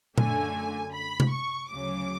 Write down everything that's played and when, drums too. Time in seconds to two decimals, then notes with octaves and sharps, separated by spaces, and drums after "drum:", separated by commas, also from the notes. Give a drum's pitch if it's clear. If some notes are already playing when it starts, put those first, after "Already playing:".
0.18 F#2 D3 A3 G#5, drum: tom A#2
0.94 B5
1.20 drum: tom C3
1.32 C#6
1.71 D2 C#3 F#3 C#4 D6